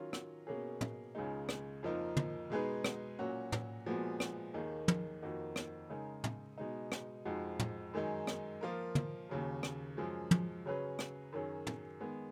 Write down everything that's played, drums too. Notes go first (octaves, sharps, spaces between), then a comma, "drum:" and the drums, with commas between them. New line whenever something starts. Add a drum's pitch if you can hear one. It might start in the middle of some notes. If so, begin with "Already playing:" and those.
Already playing: D#3 F#3 C#4 F4
drum: rim click
B2 A#3 C#4 G#4
drum: tom
C#2 C#3 G#3 D#4
drum: rim click
F2 F3 A#3 D#4 A#4
drum: tom
B2 G#3 D#4 G#4 B4
drum: rim click
A#2 F#3 C#4 F#4
drum: tom
A#2 F3 G#3 B3 F#4
drum: rim click
D#2 D#3 A#3 D#4 G#4
drum: tom
F2 D#3 A#3 D#4 F#4
drum: rim click
C#3 G#3 D#4 A#4
drum: tom
B2 G#3 D#4
drum: rim click
F2 F3 G#3 D#4 F#4
drum: tom
F#2 D#3 G#3 D#4
drum: rim click
F3 A#3 F4 A#4
drum: tom
D#2 C#3 F#3
drum: rim click
F#2 F3 G#3
drum: tom
C#3 F#3 C#4 G#4 B4
drum: rim click
F#2 D#3 F#3 C#4 G#4
drum: tom
D#3 G#3 B3